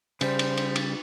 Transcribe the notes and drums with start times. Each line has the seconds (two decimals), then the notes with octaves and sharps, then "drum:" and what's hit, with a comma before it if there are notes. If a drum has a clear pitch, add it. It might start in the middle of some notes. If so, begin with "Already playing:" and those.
0.21 C#3 G3 C5, drum: cymbal
0.39 drum: cymbal
0.57 drum: cymbal
0.76 drum: cymbal